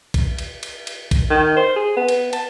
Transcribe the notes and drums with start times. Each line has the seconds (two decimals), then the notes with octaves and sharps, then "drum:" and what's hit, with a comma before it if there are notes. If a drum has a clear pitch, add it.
0.14 drum: kick A1, cymbal
0.38 drum: cymbal
0.63 drum: cymbal
0.87 drum: cymbal
1.11 drum: kick A1, cymbal
1.30 D#3
1.56 C5
1.76 G#4
1.97 B3
2.08 drum: cymbal
2.33 A5, drum: cymbal